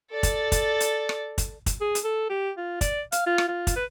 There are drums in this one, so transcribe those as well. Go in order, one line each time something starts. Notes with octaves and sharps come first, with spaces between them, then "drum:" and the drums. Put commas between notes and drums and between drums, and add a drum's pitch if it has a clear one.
A4 D5
drum: kick, hi-hat
drum: kick, hi-hat
drum: hi-hat
drum: rim click
drum: kick, hi-hat
drum: kick, hi-hat
G#4
drum: hi-hat
A4
G4
F4
D5, drum: kick, hi-hat
F5, drum: hi-hat
F4
drum: rim click
F4
drum: kick, hi-hat
B4